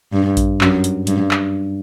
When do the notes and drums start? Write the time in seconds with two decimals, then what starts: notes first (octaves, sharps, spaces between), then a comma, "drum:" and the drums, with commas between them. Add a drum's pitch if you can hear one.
0.13 G2
0.37 drum: kick A#1, hi-hat
0.61 F#2, drum: clap
0.84 drum: hi-hat
1.07 G2, drum: hi-hat
1.31 drum: clap